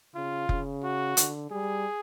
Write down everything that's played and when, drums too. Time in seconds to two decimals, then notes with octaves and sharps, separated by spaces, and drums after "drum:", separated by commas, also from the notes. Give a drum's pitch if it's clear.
0.15 C#3 F4
0.49 C#3, drum: kick F1
0.83 F#4
1.17 D3, drum: hi-hat
1.50 G3 G#4